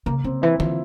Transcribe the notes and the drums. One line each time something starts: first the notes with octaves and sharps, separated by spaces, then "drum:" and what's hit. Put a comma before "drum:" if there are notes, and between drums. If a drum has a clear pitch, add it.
C#3 A#3
C#3 C4
E3 E4
E3 F4, drum: tom D3